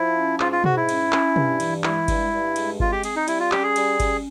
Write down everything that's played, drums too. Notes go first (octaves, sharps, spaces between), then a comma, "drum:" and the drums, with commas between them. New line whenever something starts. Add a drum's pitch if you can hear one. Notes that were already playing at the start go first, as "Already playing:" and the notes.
Already playing: F3 E4
C#4
G#2 F4, drum: clap
F4
G#2 F#4, drum: tom
E4
C#4, drum: cymbal
C#4, drum: clap
G2, drum: tom
E3, drum: cymbal
G#3 E4, drum: clap
G2, drum: kick G1, cymbal
G2
G#3, drum: cymbal
C4 F4, drum: kick G1
G4
C4 G#4, drum: cymbal
D#4
G3 E4, drum: cymbal
F4
C#4 G4, drum: clap
G#4
G3, drum: cymbal
C#4, drum: kick G1, cymbal